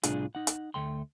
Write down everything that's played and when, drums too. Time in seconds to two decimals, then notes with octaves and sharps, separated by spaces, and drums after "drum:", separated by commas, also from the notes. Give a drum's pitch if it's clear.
0.03 C2 A2 D4 F4 G#4, drum: hi-hat
0.35 D#4 F#5
0.47 drum: hi-hat
0.74 D2 A3 G5 C6